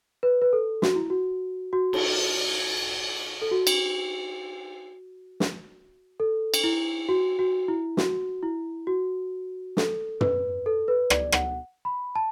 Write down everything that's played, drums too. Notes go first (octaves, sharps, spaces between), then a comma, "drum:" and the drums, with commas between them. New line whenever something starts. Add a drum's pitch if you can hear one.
B4
B4
A4
F#4, drum: snare
E4
F#4
F#4
drum: cymbal
A4
F#4
drum: cymbal
drum: snare
A4
drum: cymbal
E4
F#4
F#4
E4
F#4, drum: snare
E4
F#4
A4, drum: snare
B4, drum: tom
A4
B4
D5, drum: rim click
F#5, drum: rim click
B5
A5